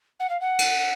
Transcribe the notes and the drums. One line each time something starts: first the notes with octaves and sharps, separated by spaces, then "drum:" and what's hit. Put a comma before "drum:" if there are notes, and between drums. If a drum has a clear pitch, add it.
F#5
F5
F#5
drum: cymbal